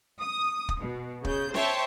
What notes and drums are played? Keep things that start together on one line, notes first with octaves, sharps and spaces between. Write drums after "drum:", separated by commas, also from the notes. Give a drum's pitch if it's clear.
D#6
drum: kick
B2
C#3 G6, drum: kick
C5 C#5 E5 G5 A5, drum: snare